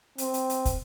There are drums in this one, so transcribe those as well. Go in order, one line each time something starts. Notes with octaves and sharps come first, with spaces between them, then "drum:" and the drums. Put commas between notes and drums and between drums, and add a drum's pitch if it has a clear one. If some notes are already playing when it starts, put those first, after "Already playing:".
C4, drum: hi-hat
drum: hi-hat
drum: hi-hat
drum: kick, hi-hat